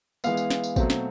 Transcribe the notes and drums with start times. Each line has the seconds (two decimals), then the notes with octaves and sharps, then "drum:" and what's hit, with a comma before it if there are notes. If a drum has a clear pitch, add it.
0.24 E3 G#3 B3 F5, drum: tambourine
0.37 drum: tambourine
0.50 drum: snare
0.64 drum: tambourine
0.76 B2 F#3 A3 C4, drum: kick G#1, tambourine
0.90 drum: snare